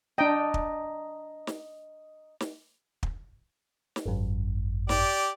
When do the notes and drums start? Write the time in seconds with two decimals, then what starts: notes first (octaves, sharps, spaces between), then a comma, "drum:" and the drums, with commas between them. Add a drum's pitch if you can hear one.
0.18 D4 D#5 G5 A#5
0.54 drum: kick
1.47 drum: snare
2.40 drum: snare
3.03 drum: kick
3.96 drum: snare
4.06 G#1 F#2
4.89 G4 D5, drum: snare